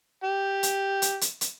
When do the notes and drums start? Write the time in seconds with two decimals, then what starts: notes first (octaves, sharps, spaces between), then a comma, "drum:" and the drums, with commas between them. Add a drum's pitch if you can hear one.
0.24 G4
0.63 drum: hi-hat
1.02 drum: hi-hat
1.21 drum: hi-hat
1.41 drum: hi-hat